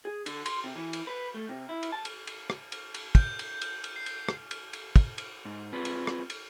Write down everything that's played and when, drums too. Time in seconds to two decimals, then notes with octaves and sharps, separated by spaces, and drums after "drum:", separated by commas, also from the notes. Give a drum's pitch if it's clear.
0.05 G#4
0.26 D3, drum: cymbal
0.46 C6, drum: cymbal
0.64 C3
0.76 E3
0.93 drum: cymbal
1.07 B4
1.34 A3
1.49 C3
1.69 E4
1.83 drum: cymbal
1.92 A5
2.05 drum: cymbal
2.27 drum: cymbal
2.50 drum: rim click
2.72 drum: cymbal
2.94 drum: cymbal
3.15 G6, drum: kick, cymbal
3.39 drum: cymbal
3.61 drum: cymbal
3.84 drum: cymbal
3.96 C7
4.06 drum: cymbal
4.29 drum: rim click
4.51 drum: cymbal
4.73 drum: cymbal
4.96 drum: kick, cymbal
5.18 drum: cymbal
5.45 G#2
5.72 C4 F4 G#4 B4
5.85 drum: cymbal
6.07 drum: rim click
6.30 drum: cymbal